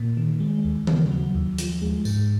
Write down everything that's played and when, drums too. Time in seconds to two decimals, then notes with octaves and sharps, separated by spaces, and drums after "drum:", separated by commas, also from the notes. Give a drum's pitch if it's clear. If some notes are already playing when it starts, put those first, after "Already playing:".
Already playing: A#2
0.17 D#3
0.40 G#3
0.65 D#2
0.87 C#3, drum: tom D#3
1.11 F#3
1.35 D#2
1.58 F3, drum: hi-hat
1.82 G#3
2.05 G#2, drum: tambourine